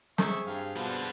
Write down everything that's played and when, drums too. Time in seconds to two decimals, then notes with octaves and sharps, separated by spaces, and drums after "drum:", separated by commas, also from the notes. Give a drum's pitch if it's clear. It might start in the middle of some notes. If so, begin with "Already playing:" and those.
0.18 C4 G#4 E5 C#6, drum: snare
0.47 G2 F5
0.76 B2 D3 F3 G3 B4